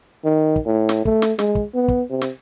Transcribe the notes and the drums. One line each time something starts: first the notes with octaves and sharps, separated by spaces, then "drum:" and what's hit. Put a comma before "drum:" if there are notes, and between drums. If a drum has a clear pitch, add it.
D#3
drum: kick
A2
drum: snare
A3, drum: kick
drum: snare
G#3, drum: snare
drum: kick
B3
drum: kick
C3
drum: snare